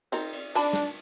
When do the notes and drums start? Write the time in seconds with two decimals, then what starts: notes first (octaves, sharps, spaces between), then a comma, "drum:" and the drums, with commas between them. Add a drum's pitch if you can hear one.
0.12 C4 D#4 A#4, drum: cymbal
0.33 drum: cymbal
0.55 D4 A#4 A5 B5, drum: cymbal
0.73 drum: snare